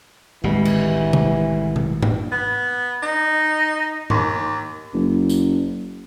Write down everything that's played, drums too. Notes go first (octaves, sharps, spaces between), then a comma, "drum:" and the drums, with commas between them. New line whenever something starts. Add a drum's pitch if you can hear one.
G#1 D2 A2 E3 G3 G#3
drum: cymbal
drum: tom C3
drum: tom
drum: tom G#2
B3
D#4
D#2, drum: tom G#2
F#1
drum: tambourine